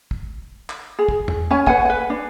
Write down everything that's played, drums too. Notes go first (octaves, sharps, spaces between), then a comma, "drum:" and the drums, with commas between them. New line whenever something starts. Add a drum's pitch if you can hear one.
drum: kick
drum: clap
G#4
drum: kick
drum: tom
C#4 G#5
B4 F#5 G#5, drum: kick
B4 G#5
D4